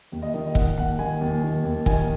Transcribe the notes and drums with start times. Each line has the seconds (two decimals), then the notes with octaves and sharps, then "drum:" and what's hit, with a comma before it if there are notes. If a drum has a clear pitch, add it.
0.12 D#2
0.22 D#5
0.34 D#3
0.47 D#5
0.55 D#3 F#5, drum: kick
0.77 D#2 F#5
0.99 D#3 G#5
1.21 D#2
1.43 D#3
1.64 D#2
1.86 D#3 G#5, drum: kick